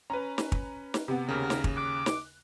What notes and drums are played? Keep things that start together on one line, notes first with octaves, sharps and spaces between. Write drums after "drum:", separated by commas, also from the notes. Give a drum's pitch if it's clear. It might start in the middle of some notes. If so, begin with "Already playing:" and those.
C#4 B4 A#5
drum: snare
drum: kick
drum: snare
C3 B3
D#2 C#3 A#4
drum: snare
drum: kick
D6 F#6
drum: snare